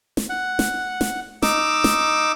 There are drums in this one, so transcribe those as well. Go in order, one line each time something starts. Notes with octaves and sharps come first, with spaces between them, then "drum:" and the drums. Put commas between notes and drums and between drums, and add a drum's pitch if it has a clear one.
drum: snare
F#5
drum: snare
drum: snare
D#4 D6 E6, drum: snare
drum: snare